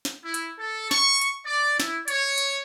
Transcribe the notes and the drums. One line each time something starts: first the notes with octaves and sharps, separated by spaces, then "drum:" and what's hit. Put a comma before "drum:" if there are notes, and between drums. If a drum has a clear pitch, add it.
drum: snare
E4
drum: hi-hat
A4
C#6, drum: snare
drum: hi-hat
D5
E4, drum: snare
C#5, drum: hi-hat
drum: hi-hat